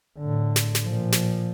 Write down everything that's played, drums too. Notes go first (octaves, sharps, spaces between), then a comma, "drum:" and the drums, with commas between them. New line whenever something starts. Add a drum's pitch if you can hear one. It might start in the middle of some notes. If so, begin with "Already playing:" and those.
A2 D3
drum: snare
drum: snare
A#2 F3
drum: snare